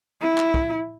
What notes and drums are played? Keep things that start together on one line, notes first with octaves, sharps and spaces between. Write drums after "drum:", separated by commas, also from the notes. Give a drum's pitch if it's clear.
E4
drum: clap
drum: kick